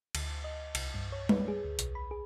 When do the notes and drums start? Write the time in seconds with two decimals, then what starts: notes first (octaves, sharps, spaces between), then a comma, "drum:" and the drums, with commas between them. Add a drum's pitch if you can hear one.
0.15 D2, drum: cymbal
0.44 D#5
0.75 C2, drum: cymbal
0.94 G2
1.12 C#5
1.29 B4, drum: tom G3
1.48 G#4
1.65 D2
1.79 B1, drum: hi-hat
1.95 B5
2.11 G#4